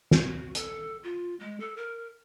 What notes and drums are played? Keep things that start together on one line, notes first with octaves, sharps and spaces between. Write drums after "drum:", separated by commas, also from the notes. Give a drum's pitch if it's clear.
drum: snare
F#4
A4, drum: hi-hat
F4
G#3
A4
A#4